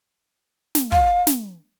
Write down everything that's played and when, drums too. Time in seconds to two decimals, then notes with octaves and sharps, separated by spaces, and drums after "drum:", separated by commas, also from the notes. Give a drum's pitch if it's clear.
0.75 drum: snare
0.92 F5, drum: kick
1.27 drum: snare